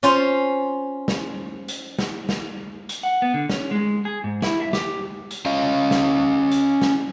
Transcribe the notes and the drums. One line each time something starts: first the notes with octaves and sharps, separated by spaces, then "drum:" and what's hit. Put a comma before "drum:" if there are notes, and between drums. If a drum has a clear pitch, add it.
C#4 F4 C5
drum: snare
drum: hi-hat
drum: snare
drum: snare
drum: hi-hat
F#5
B3
D3
C#4, drum: snare
G#3
G#4
G#2
E4, drum: snare
E5
G4, drum: snare
drum: hi-hat
C#4 D#5 F5
drum: snare
drum: hi-hat
drum: snare